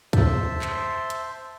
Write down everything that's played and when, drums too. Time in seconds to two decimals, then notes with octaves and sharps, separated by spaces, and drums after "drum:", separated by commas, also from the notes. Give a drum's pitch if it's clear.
0.13 C5 E5 A5 C6, drum: kick, hi-hat
0.62 drum: clap
1.10 drum: hi-hat